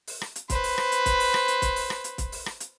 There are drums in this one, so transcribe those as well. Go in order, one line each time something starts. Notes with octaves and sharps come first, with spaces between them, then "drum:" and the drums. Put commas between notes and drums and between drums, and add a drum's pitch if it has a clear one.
drum: open hi-hat
drum: rim click
drum: hi-hat
B4 C5, drum: kick, hi-hat
drum: open hi-hat
drum: rim click
drum: hi-hat
drum: kick, hi-hat
drum: open hi-hat
drum: rim click
drum: hi-hat
drum: kick, hi-hat
drum: open hi-hat
drum: rim click
drum: hi-hat
drum: kick, hi-hat
drum: open hi-hat
drum: rim click
drum: hi-hat